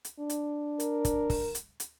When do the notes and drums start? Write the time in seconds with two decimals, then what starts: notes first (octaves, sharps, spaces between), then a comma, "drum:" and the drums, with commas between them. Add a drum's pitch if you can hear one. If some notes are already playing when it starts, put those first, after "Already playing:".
0.05 drum: hi-hat
0.20 D4
0.30 drum: hi-hat
0.80 A#4, drum: hi-hat
1.05 drum: kick, hi-hat
1.30 drum: kick, open hi-hat
1.55 drum: hi-hat
1.80 drum: hi-hat